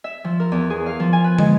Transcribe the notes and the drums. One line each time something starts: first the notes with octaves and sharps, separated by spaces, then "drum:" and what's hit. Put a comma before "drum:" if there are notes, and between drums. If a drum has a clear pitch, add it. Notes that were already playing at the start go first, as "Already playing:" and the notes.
E5
F3
A#4
E2
G#4
F5
F3
G#5
B4
G#3, drum: tom